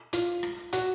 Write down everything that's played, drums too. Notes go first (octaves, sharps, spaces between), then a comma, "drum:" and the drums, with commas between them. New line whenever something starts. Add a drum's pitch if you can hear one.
F4, drum: hi-hat
drum: rim click
F#4, drum: hi-hat